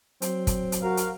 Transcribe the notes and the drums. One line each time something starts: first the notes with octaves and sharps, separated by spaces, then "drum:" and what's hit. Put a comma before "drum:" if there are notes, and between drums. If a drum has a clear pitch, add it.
F#3 C4, drum: hi-hat
drum: kick, hi-hat
drum: hi-hat
F#4 A#4 F5
drum: hi-hat